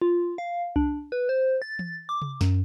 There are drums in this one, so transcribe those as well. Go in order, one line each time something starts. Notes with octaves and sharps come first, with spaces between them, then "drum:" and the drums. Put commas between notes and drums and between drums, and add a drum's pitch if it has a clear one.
F4
F5
D4, drum: kick C2
B4
C5
A6
drum: tom E3
D6
drum: tom C3
F#2, drum: snare